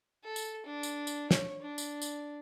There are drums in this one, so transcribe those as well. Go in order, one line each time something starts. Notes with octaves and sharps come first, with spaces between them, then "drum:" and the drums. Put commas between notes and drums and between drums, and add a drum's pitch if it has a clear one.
A4
drum: tambourine
D4
drum: tambourine
drum: tambourine
C#5, drum: snare
D4
drum: tambourine
drum: tambourine